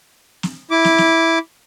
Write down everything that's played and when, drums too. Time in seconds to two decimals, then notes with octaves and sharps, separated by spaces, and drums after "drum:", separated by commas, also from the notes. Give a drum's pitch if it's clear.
0.43 drum: snare
0.71 E4 D6
0.84 drum: snare
0.98 drum: snare